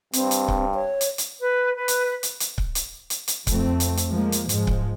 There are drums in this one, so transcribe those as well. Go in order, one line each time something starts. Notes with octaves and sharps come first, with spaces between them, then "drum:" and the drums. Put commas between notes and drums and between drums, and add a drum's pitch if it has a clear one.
G2 C4, drum: hi-hat
drum: hi-hat
drum: kick C#1
C#5
drum: hi-hat
drum: hi-hat
B4
B4
drum: hi-hat
drum: hi-hat
drum: hi-hat
drum: kick C#1
drum: hi-hat
drum: hi-hat
drum: hi-hat
F2 A3 C4, drum: kick C#1, hi-hat
drum: hi-hat
drum: hi-hat
F3 G#3 A#3
drum: hi-hat
G#2 F3 G#3, drum: hi-hat
drum: kick C#1